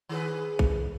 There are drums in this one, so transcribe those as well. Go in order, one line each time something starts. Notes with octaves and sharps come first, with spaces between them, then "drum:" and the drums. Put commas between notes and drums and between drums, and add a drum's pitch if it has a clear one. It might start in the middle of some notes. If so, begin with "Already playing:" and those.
D#3 G#4 B4
drum: kick